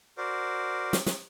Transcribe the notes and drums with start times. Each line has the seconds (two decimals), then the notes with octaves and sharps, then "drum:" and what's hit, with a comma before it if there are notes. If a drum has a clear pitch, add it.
0.18 F#4 A#4 C5 D5
0.93 drum: snare
1.06 drum: snare